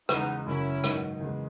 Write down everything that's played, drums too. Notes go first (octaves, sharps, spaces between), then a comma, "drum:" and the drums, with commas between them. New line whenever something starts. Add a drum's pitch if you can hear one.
E2 C#3 G#3 B3 D#4, drum: rim click
F#1 F#2 C#3 F#3 C#4 E4
G#2 D#3 F#3, drum: rim click
E2 C#3 G#3